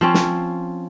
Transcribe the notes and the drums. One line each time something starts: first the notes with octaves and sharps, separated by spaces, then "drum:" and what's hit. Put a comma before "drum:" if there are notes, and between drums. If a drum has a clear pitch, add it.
F3 C4 C#4
drum: snare